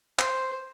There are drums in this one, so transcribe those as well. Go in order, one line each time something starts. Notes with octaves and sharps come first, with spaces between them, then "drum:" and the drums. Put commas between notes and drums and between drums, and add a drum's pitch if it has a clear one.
C5, drum: clap